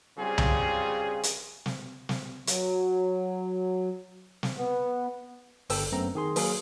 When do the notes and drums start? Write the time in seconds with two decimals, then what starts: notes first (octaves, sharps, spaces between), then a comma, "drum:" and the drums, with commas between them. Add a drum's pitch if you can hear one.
0.18 C#3 G3 C4 F4 G#4
0.38 drum: tom C2
1.23 drum: hi-hat
1.66 drum: snare
2.09 drum: snare
2.47 F#3, drum: hi-hat
4.43 drum: snare
4.58 B3
5.70 G1 A4 G5 E6, drum: open hi-hat
5.92 F#2 A3 B3 C4 A#5
6.15 D#3 G#4 C6
6.36 F#3 A#3 G#4 F5, drum: open hi-hat